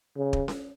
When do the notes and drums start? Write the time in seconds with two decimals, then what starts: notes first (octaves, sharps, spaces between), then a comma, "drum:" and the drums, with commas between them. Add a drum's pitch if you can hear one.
0.17 C#3
0.33 drum: kick
0.48 drum: snare C#4